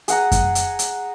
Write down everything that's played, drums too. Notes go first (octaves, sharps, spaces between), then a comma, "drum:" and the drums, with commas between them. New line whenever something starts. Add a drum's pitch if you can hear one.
G#4 F#5 A#5, drum: hi-hat
drum: kick F#2, hi-hat
drum: hi-hat
drum: hi-hat